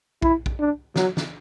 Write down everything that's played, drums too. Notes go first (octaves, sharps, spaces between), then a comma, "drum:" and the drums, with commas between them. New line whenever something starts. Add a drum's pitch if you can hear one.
E4, drum: kick A#1
drum: kick A#1
D4
F#3, drum: snare
drum: snare